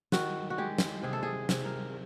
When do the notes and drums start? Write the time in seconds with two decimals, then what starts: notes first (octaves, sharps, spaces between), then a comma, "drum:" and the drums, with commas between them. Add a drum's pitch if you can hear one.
0.12 D#3 F#4, drum: snare
0.50 F#4
0.58 G#3 G4
0.78 drum: snare
1.03 C3 G#4
1.13 A4
1.23 G#4
1.49 C3, drum: snare
1.65 A#4